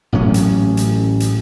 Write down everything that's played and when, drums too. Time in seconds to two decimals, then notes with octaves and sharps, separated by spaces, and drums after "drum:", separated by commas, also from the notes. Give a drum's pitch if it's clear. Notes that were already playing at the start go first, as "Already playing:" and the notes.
0.12 A1 A2 F#3 C#4
0.34 drum: hi-hat
0.77 drum: hi-hat
1.20 drum: hi-hat